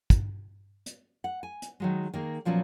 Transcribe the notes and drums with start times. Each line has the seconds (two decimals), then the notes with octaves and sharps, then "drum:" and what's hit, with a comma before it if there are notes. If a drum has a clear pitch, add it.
0.10 drum: kick, hi-hat
0.86 drum: hi-hat
1.24 F#5
1.43 G#5
1.62 drum: hi-hat
1.80 D#3 F#3 G#3
2.14 D#3 A#3 G#4
2.45 A#2 F3 F#3 B3 C#4